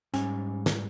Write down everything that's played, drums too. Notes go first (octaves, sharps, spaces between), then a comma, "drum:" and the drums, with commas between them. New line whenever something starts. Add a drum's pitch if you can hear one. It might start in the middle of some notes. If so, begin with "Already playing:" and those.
G#2 G3 C#4 G#5, drum: hi-hat
drum: snare